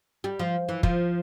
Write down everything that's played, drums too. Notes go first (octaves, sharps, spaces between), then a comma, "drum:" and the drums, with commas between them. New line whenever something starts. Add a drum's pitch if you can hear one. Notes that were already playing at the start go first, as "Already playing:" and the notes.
G3
F3
E3
F3, drum: kick